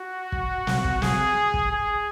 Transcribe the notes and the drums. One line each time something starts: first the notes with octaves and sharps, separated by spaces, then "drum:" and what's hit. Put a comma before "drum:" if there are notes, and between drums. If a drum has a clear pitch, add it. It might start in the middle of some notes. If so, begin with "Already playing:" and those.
Already playing: F#4
drum: kick
drum: snare
drum: kick
G#4, drum: snare
drum: kick
G#4